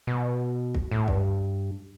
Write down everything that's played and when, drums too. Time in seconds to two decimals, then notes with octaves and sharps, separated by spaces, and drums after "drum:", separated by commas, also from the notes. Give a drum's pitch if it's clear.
0.07 B2
0.75 drum: kick
0.91 A2
1.08 G2, drum: kick